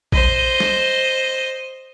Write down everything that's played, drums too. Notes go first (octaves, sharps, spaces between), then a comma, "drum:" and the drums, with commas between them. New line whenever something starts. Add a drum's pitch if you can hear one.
C5 D#5, drum: kick A#1
drum: snare